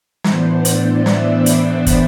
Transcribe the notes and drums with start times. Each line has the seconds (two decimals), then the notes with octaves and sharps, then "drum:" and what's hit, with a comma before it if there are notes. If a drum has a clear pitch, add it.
0.24 A2 E3 B3 D4 C5, drum: snare
0.65 D5, drum: hi-hat
1.06 E5, drum: snare
1.46 drum: hi-hat
1.86 drum: kick, hi-hat